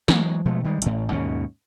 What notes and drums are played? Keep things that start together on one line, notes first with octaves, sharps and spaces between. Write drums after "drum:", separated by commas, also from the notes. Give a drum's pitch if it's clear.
E3 F#3 G#3, drum: snare
B2 F3 G#3 A3
D#3 G3 G#3
A1 A2, drum: hi-hat
D#2 G#2 B2 C#4